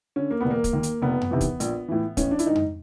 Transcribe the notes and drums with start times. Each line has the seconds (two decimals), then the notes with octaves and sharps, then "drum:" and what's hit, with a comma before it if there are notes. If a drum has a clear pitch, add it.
0.16 D3 C#4
0.31 A#3
0.41 E1 B3
0.50 A#3
0.64 drum: kick, hi-hat
0.73 D#2 D#3
0.83 drum: hi-hat
1.02 F1 B3
1.21 drum: tom F2
1.31 E2 C3 D#3
1.41 drum: kick, hi-hat
1.60 A#1, drum: hi-hat
1.88 A2 E3
2.17 A1 C#4, drum: kick, hi-hat
2.31 D4
2.39 E4, drum: hi-hat
2.46 G#2 D#3 D#4
2.56 drum: tom F2